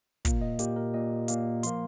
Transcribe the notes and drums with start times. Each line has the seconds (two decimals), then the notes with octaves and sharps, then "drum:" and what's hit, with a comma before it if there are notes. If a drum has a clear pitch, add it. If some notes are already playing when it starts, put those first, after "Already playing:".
0.25 A#2 A#3, drum: kick, hi-hat
0.41 D#5
0.59 A#2 A#3 G4, drum: hi-hat
0.76 A#4
0.94 A#2 A#3 D#5
1.28 A#2 A#3, drum: hi-hat
1.63 F3 A#3 C6, drum: hi-hat